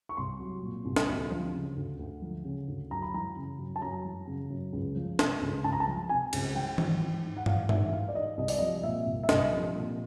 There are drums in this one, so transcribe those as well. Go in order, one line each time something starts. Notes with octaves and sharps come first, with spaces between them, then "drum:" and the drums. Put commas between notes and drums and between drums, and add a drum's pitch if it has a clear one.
C#6
C2 C6
F#3
A#2
C2
drum: snare
D2
F3
C#3
D2
D2
F3
C#3
D2
F#2 A#5
B5
E3 A#5
C#3
F#2
A5
F#2 A#5
E3
C#3
F#2
C#2
F3
C3, drum: snare
C#2
C#2 A5
A#5
A5
F3
C3 G#5
C#2, drum: cymbal
E3 G5
G#2, drum: tom E3
E3
G#2
F#5
E3 F5, drum: tom G2
G#2 E5, drum: tom G2
E3 F5
D5
G#2 D#5
C2 D#5
D5, drum: open hi-hat
F3 D#5
A#2 E5
C2
E5
C2 D#5, drum: snare
F3
A#2